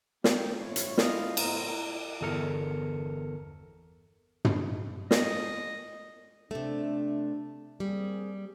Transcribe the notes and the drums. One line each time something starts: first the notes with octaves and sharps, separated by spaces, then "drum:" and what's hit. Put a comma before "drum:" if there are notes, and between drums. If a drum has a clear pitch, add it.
A#3 G4, drum: snare
A1 G2 E4 F4 C#5
drum: hi-hat
E4 F4 D#5 F5, drum: snare
F#1 A2 B3 C5 A#5, drum: cymbal
G1 E2 A4 A#4 F6 C#7
drum: tom
D#5, drum: snare
C3 A3 D4
G3 A#3 C4 G#4